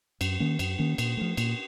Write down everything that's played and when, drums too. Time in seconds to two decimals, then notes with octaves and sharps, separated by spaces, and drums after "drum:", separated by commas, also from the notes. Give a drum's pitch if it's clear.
0.21 F#2, drum: cymbal
0.40 D#3 A#3 C#4
0.59 F#2, drum: cymbal
0.79 D#3 A#3 C#4
0.98 A#2, drum: cymbal
1.17 F3 A3
1.37 A#2, drum: cymbal